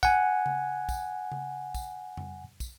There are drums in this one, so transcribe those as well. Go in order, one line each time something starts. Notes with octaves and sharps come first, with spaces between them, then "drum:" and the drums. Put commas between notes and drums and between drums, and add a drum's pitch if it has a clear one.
F#5 G#5, drum: kick, tambourine
drum: tom C#3
drum: kick, tambourine
drum: tom C#3
drum: kick, tambourine
drum: tom F2
drum: kick, tambourine